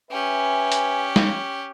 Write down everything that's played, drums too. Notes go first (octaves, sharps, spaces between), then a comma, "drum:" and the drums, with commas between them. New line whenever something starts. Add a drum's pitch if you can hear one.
C#4 G4 B4 E5 G#5
drum: hi-hat
drum: snare